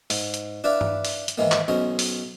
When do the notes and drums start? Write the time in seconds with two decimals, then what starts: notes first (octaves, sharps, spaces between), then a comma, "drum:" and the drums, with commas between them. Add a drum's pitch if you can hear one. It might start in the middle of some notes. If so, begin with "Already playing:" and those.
0.10 G#2, drum: open hi-hat
0.34 drum: hi-hat
0.64 D4 E4 B4 D5 F5
0.81 drum: tom G2
1.05 drum: open hi-hat
1.28 drum: hi-hat
1.38 G#2 D#3 E3 G#3 A#3
1.52 drum: clap
1.68 B1 C#4 C5 D#5
1.99 drum: open hi-hat